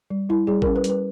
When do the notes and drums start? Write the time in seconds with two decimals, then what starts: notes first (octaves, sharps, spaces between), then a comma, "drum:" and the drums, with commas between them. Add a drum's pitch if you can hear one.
0.10 G3
0.29 G3 E4
0.47 G3 G#4
0.62 C#4 A#4, drum: kick A1
0.76 B4
0.84 G3, drum: hi-hat
0.90 B4